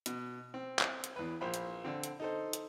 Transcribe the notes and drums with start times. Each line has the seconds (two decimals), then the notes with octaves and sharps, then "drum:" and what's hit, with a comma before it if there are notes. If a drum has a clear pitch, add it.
0.06 B2, drum: hi-hat
0.54 C4
0.79 drum: clap
1.04 drum: hi-hat
1.16 E2 B4
1.41 A#1 C5 F5 B5
1.54 drum: hi-hat
1.85 D3 C4
2.04 drum: hi-hat
2.20 D#4 A4 C5
2.53 drum: hi-hat